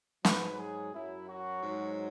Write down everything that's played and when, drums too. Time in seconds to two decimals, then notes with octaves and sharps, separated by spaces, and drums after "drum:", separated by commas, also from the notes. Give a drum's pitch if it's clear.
0.25 G#2 F#3 B4, drum: snare
0.58 G#4
0.93 F#2 F#3 E4
1.28 F#4
1.62 G#2 F#3